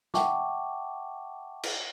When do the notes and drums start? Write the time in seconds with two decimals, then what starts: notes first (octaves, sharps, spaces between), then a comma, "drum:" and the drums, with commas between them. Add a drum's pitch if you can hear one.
0.14 E5 F#5 G5 A5 C#6 D6, drum: snare
1.63 drum: cymbal